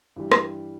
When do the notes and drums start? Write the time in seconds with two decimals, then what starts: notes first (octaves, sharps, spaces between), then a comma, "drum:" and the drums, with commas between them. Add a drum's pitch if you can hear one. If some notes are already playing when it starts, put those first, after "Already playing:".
0.16 G2 E3 G3
0.32 drum: rim click